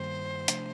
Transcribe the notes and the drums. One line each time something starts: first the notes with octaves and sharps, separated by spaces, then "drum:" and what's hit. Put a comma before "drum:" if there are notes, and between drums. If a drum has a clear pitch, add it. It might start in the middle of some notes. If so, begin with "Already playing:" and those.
Already playing: G2 D#3 G3 A#3 C5
C3 F3 A3 D4, drum: hi-hat